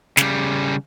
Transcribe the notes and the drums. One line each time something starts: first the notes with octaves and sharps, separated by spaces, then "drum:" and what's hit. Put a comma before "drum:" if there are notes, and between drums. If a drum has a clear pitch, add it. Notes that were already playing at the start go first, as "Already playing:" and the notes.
C#3 G3, drum: snare